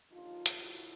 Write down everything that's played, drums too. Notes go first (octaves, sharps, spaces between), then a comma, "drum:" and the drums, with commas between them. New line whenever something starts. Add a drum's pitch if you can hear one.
D#2 D3 F3 D#4 F4
drum: hi-hat
E4 F#4